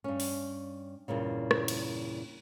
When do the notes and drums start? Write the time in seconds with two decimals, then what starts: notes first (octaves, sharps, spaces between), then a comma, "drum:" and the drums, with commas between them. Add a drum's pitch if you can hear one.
0.04 G2 C#4
0.20 drum: open hi-hat
1.08 E2 G2 A#2 C#3
1.51 drum: rim click
1.68 drum: cymbal